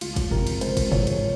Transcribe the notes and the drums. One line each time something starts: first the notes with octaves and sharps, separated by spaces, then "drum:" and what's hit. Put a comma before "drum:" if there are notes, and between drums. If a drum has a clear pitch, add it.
C#2 F4, drum: cymbal
drum: kick, cymbal
C3 F3 A#4, drum: tom F2
drum: cymbal
C#2 C5, drum: cymbal
drum: kick, cymbal
C3 F3 C#5, drum: tom G#2
drum: cymbal